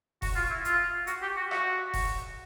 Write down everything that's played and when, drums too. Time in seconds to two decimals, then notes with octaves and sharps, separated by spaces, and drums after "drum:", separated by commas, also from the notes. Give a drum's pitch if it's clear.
0.22 F#4, drum: kick F1, open hi-hat
0.36 F4
0.50 E4
0.65 F4, drum: hi-hat
1.07 F#4, drum: hi-hat
1.22 G4
1.37 F#4
1.51 F#4, drum: rim click
1.94 drum: kick F1, open hi-hat